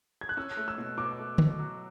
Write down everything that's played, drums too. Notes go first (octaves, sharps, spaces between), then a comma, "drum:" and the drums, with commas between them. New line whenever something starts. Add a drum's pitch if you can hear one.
G#6
F#6
C#4 E6
A3
E6
B2
B2 D6
A3
B2, drum: tom D3
F#3